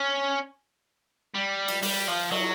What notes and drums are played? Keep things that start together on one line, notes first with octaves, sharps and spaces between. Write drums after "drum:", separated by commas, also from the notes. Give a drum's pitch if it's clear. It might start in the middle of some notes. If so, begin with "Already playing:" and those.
Already playing: C#4
G3
drum: cymbal
G3, drum: open hi-hat
F3
F#3, drum: cymbal